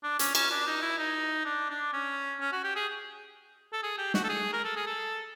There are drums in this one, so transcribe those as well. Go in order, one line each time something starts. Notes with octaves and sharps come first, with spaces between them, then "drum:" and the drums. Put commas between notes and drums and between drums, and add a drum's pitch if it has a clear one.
D4
C#4, drum: hi-hat
C#4, drum: cymbal
D4
D#4
E4
D#4
D4
D4
C#4
C#4
F#4
G4
G#4
A4
G#4
G4
F#4, drum: snare
A4
G#4
A#4
A4
G#4
A4